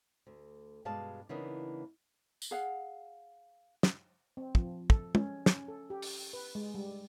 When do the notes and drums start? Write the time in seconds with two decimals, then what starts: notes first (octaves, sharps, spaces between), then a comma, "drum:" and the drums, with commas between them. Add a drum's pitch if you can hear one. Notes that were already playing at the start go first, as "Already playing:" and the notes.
0.27 D2
0.85 G2 B2 G#3 D5 F5 A5
1.29 C#3 E3 A#3 B3 D4 D#4
2.42 drum: tambourine
2.51 G#4 F5 F#5
3.83 drum: snare
4.37 C4
4.55 F3, drum: kick
4.90 A4, drum: kick
5.15 C#4, drum: tom
5.46 C#4, drum: snare
5.68 A4
5.90 G4
6.02 drum: open hi-hat
6.33 B4
6.55 G#3
6.74 G3